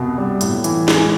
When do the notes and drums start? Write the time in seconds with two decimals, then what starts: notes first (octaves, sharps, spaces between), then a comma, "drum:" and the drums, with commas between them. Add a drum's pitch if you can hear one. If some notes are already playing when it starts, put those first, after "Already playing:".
Already playing: C2 B2
0.18 G3
0.41 A2, drum: hi-hat
0.64 E3, drum: hi-hat
0.88 G#3, drum: snare